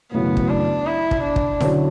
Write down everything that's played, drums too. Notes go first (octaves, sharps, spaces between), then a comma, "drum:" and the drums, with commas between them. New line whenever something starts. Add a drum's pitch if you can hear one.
F#2 C#3 E3 A3 B3 C#4
drum: kick
D4
E4
drum: kick
D4
drum: kick
D3 F#3 C#4 E4, drum: snare E4